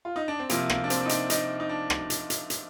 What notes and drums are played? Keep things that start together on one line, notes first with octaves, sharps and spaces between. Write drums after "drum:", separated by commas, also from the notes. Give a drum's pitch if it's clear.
F4
D#4
D4
C4
C2 C3 F3 A#3, drum: hi-hat
A#3, drum: rim click
D4
C4, drum: hi-hat
D#4
D4, drum: hi-hat
D#4, drum: hi-hat
D#4
D4
drum: rim click
drum: hi-hat
drum: hi-hat
drum: hi-hat